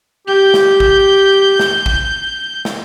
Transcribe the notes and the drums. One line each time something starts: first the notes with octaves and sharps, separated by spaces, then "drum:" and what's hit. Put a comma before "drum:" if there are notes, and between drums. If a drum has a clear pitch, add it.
G4 G6
drum: snare
drum: kick A1
drum: snare
drum: kick A1
drum: snare